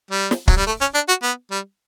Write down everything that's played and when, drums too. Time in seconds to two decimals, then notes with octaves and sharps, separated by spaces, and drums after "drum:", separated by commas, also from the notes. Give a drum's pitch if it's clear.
0.11 G3
0.31 drum: snare
0.48 F#3, drum: kick
0.57 G3
0.67 A3
0.81 C#4
0.94 D4
1.08 F#4
1.23 B3
1.51 G3